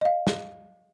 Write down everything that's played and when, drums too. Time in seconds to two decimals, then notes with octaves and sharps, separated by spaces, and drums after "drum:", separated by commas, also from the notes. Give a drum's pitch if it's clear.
0.01 D#5 F5
0.27 drum: snare